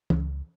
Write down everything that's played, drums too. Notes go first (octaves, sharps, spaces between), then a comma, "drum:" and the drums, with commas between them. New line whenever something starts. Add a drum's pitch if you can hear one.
C#2, drum: tom